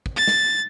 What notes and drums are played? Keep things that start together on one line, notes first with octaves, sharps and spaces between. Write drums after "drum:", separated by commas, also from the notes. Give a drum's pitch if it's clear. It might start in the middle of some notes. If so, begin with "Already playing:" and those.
drum: kick
A6
drum: snare